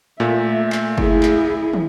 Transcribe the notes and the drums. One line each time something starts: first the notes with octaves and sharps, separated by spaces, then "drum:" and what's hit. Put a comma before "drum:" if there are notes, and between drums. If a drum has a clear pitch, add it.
A#2 A3 E5
drum: clap
E4 G#4, drum: kick F#1
drum: clap
drum: tom